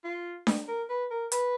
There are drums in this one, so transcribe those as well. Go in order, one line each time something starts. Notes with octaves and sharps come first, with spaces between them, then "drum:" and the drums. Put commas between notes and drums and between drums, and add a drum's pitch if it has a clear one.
F4
drum: snare D4
A#4
B4
A#4
B4, drum: hi-hat